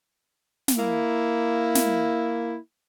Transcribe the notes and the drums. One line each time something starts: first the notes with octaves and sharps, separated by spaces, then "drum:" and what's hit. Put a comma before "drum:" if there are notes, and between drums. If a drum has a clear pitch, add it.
drum: snare
A#3 E4
drum: snare